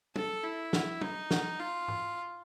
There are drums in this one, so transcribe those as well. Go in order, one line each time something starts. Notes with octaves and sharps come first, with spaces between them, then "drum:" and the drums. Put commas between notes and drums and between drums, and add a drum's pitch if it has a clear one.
A4, drum: tom
E4
drum: snare
D#4, drum: tom
drum: snare
F4
drum: tom G#2